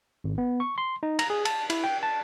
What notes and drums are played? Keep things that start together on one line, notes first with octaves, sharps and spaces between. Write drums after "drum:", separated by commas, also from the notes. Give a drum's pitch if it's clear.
G#1
B3
C#6
C6
D#4
A#5, drum: cymbal
G#4
A5, drum: cymbal
E4, drum: cymbal
G5
A5